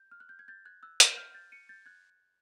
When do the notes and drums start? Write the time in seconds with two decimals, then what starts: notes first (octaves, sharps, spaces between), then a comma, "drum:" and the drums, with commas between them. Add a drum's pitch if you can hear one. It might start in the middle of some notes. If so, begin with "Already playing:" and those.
Already playing: G6
0.11 F6
0.20 F#6
0.29 G6
0.39 G#6
0.48 G6 A6
0.66 F#6 G#6
0.83 E6 F#6
1.00 F6 G6, drum: hi-hat
1.17 F6 G6
1.34 G6 A6
1.52 C#7 D#7
1.69 G6 A6
1.86 F#6 G#6